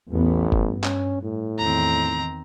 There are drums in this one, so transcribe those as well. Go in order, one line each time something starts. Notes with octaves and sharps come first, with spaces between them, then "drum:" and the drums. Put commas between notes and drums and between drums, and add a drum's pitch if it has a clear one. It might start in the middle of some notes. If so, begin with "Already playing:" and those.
A1 E2 B3
G2, drum: kick F#1
C#4, drum: clap
A2
E2 D#3 C4 A#5